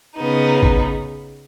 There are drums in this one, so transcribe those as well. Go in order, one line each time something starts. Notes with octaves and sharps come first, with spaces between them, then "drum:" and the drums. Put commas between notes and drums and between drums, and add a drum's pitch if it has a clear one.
C#3 B3 D#4
drum: kick G#1